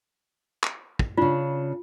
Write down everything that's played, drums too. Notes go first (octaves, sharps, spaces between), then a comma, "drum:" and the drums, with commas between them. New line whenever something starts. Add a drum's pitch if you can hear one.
drum: clap
drum: kick
C#3 D4 F4